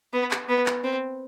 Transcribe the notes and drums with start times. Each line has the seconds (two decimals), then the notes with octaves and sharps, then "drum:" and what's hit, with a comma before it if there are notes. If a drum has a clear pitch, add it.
0.13 B3
0.31 drum: clap
0.49 B3
0.66 drum: clap
0.84 C4